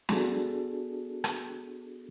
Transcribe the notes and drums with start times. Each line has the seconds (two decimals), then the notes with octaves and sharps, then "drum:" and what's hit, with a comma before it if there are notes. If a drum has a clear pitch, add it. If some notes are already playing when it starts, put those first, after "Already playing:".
0.09 B3 D4 F#4 G#4 A4, drum: snare
1.24 drum: rim click